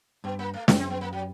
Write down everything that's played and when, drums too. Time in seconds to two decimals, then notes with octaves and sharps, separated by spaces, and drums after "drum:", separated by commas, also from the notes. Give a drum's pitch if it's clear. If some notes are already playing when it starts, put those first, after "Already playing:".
0.24 G2 B3
0.39 A#3
0.54 A3
0.68 F#2 B3, drum: snare
0.79 C4
0.90 B3
1.01 A#3
1.13 F#3